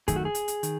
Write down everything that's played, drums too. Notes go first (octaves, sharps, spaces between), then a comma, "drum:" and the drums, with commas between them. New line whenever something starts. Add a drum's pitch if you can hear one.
F#2 D#3 A3 G#4, drum: kick, hi-hat
F#4
G#4
drum: hi-hat
drum: hi-hat
D#3, drum: hi-hat